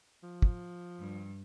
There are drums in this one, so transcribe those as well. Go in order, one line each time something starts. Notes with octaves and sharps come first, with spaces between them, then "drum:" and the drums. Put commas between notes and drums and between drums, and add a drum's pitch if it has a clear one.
F3
drum: kick
G2